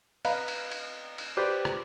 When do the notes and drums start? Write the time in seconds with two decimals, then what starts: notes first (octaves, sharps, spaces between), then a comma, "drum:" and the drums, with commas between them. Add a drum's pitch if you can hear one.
0.25 B4 D#5 F5 A#5 B5, drum: cymbal
0.48 drum: cymbal
0.71 drum: cymbal
1.18 drum: cymbal
1.37 G4 B4 C5 D5
1.65 drum: rim click